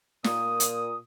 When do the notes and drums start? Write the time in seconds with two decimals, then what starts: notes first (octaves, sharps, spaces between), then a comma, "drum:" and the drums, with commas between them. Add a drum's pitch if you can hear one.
0.24 A#2 D#6, drum: snare
0.60 drum: hi-hat